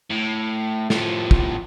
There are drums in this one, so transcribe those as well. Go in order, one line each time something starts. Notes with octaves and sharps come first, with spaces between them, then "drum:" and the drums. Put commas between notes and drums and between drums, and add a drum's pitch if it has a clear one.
A2
A2 F3, drum: snare
drum: kick